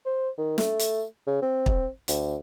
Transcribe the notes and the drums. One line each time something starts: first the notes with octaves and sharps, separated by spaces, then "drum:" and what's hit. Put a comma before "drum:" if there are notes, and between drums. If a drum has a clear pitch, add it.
C5
D#3
A3, drum: snare
drum: hi-hat
C#3
C4
drum: kick
D2, drum: hi-hat